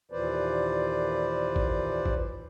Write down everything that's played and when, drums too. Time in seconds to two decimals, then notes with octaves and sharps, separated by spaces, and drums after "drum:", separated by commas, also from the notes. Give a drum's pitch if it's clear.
0.12 D#2 A#2 E3 B4 C5 D5
1.56 drum: kick
2.05 drum: kick